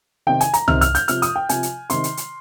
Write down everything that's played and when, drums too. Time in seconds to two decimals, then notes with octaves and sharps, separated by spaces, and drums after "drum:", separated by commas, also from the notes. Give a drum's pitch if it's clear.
0.27 C3 D#3 G5
0.41 G#5, drum: hi-hat
0.54 A#5, drum: hi-hat
0.68 C3 D#3 F6, drum: tom C2
0.81 F6, drum: hi-hat
0.95 G6, drum: hi-hat
1.08 C3 F3 F6, drum: hi-hat
1.22 D#6, drum: hi-hat
1.36 G5
1.49 C3 F3 G#5, drum: hi-hat
1.63 drum: hi-hat
1.90 C3 D#3 C6, drum: hi-hat
2.04 drum: hi-hat
2.17 drum: hi-hat